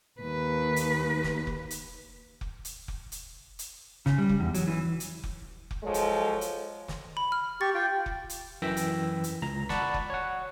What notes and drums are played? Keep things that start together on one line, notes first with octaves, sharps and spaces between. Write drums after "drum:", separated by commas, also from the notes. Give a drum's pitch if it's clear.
D#2 B4
drum: hi-hat
drum: snare
drum: kick F1
drum: hi-hat
drum: kick F1
drum: hi-hat
drum: kick F1
drum: hi-hat
drum: hi-hat
C#3, drum: snare
G3
drum: kick F1
E2
F#3, drum: hi-hat
E3
drum: hi-hat
drum: kick F1
drum: kick F1
F3 F#3 G#3 A4 C#5
drum: hi-hat
drum: hi-hat
drum: snare
B5
F6
G4 C#6 A6
F4 G5
drum: kick F1
drum: hi-hat
F#2 E3 G5 E6 A#6 B6
drum: hi-hat
drum: hi-hat
C#2 A#5
D5 F#5 A5 B5 C#6 B6, drum: snare
drum: kick F1
C#5 F#5